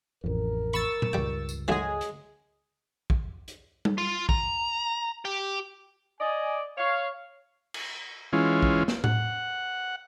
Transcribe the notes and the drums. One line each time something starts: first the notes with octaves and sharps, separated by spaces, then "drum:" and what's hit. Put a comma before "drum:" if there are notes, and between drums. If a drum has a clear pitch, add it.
A1 F2 A#4
B5 C#6 E6 A6
drum: tom A#2
C#2 G2 G3 G5
drum: tambourine
D#3 F#3 G#3 A3 G#4
drum: hi-hat
drum: kick
drum: hi-hat
drum: tom G3
F4
A#5, drum: kick
G4
D5 D#5 G#5
C#5 F5
drum: cymbal
E3 G#3 C#4 F4
drum: kick
drum: snare
F#5, drum: tom A2